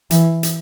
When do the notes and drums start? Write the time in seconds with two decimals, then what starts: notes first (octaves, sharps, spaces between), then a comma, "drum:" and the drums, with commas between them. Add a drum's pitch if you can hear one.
0.11 E3, drum: hi-hat
0.43 drum: hi-hat